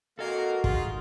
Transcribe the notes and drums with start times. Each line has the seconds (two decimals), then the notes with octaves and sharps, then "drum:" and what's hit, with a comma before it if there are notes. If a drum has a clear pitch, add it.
0.19 A#3 F#4 A4 A#4 D#5 F5
0.64 D#4 F4 G#4, drum: kick